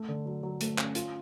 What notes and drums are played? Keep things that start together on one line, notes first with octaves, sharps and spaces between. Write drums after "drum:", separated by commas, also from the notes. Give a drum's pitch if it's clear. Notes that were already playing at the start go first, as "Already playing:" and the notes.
Already playing: A3
D3
F#3
F#3
A3, drum: hi-hat
C#4, drum: clap
F4, drum: hi-hat